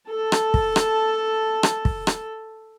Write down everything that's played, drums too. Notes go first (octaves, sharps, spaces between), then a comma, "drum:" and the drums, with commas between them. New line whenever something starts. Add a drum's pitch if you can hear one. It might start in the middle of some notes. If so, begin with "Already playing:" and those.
A4 A5
drum: rim click
drum: kick
drum: rim click
drum: rim click
drum: kick
drum: rim click